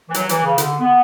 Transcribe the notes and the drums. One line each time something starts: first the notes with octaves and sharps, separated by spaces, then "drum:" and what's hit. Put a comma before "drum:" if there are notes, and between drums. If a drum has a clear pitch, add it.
E3
F#3, drum: hi-hat
E3, drum: hi-hat
C#3
D3, drum: hi-hat
B3